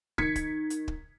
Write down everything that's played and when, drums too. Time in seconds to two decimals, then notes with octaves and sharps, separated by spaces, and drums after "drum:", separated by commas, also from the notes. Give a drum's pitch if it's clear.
0.18 D#3 G#6 B6 C#7, drum: kick
0.36 drum: kick, hi-hat
0.70 drum: hi-hat
0.88 drum: kick